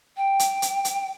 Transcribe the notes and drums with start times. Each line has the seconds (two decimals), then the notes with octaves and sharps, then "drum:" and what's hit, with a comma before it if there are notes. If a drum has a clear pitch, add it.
0.17 G5
0.39 drum: hi-hat
0.62 drum: hi-hat
0.85 drum: hi-hat